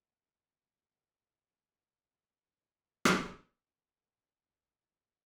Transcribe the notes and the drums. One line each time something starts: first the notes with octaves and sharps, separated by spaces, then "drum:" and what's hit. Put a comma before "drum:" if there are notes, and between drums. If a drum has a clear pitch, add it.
F#5
A#3
A4
A#3 D#4 D#5 G#5 E6
drum: rim click
A1 C#3
E1 C2